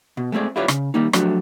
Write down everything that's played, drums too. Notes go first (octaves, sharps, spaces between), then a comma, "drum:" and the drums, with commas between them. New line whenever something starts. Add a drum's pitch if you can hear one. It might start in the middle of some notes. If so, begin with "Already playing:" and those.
B2
G#3 A3 C4 G#4 D5
E4 F4 G4 B4 C#5 D5
C#3, drum: rim click
D#3 G3 A#3 D#4
F3 F#3 A3 D4 F#4 G4, drum: rim click